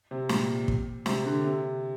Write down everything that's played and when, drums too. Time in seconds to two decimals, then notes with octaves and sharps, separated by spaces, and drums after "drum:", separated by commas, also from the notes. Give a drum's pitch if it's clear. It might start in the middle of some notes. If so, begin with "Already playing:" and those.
0.11 C3
0.29 A#2, drum: snare
0.68 drum: kick
1.06 C3, drum: snare
1.25 D3
1.44 C3